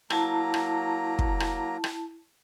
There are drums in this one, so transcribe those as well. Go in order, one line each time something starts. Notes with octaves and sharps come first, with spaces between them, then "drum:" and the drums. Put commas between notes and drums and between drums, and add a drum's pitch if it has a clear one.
F#3 A#3 E4 A5 A#5, drum: rim click
drum: rim click
drum: kick
drum: rim click
drum: rim click